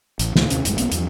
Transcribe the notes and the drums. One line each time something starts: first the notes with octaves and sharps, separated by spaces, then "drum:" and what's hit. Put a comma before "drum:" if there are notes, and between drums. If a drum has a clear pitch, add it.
A1, drum: hi-hat
C#2 A#2 D#3 A3, drum: snare
D#2 C3 C#4, drum: hi-hat
D1 F#2 G#3, drum: hi-hat
B1 A#3 B3 C#4, drum: hi-hat
E2 G2 F3, drum: hi-hat